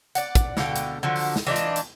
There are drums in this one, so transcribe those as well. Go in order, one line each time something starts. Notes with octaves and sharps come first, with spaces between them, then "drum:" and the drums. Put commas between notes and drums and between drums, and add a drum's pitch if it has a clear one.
D5 F#5, drum: hi-hat
drum: kick, hi-hat
B2 D3 F5 G5, drum: snare
drum: hi-hat
D3 F3 F#3
drum: open hi-hat
drum: snare
E3 D4 D#4 F4
drum: hi-hat
drum: hi-hat